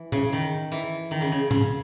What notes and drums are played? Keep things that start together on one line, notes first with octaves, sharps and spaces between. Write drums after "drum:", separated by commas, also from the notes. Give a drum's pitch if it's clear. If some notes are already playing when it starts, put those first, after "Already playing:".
Already playing: E3
C#3, drum: tom A2
D#3
E3
D#3
C#3
C#3
C#3, drum: tom G#2